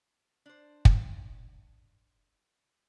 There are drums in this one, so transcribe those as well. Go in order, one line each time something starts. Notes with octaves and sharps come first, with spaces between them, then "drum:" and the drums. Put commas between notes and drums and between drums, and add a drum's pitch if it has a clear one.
D4 C5
drum: kick